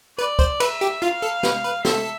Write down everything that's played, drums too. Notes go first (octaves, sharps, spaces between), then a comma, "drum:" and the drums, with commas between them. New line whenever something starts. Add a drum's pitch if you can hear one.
B4 D5
C5, drum: kick
B4 E5, drum: cymbal
G4
F4 F5
A4
B4, drum: snare
B4
A4 E5, drum: snare